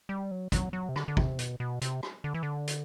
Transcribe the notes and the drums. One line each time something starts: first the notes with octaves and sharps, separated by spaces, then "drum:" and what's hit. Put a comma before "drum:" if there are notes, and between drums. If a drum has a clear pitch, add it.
G3
F#3
F#3, drum: kick, hi-hat
F#3
C3
D3, drum: rim click
D3
C3, drum: kick
B2, drum: hi-hat
B2
C3, drum: hi-hat
drum: rim click
D3
E3
D3
drum: hi-hat